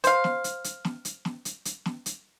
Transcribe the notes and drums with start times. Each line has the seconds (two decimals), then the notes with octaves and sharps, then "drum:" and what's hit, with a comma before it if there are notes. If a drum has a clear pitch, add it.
0.04 C5 F5, drum: hi-hat
0.24 drum: snare
0.44 drum: hi-hat
0.64 drum: hi-hat
0.85 drum: snare
1.05 drum: hi-hat
1.25 drum: snare
1.45 drum: hi-hat
1.65 drum: hi-hat
1.86 drum: snare
2.06 drum: hi-hat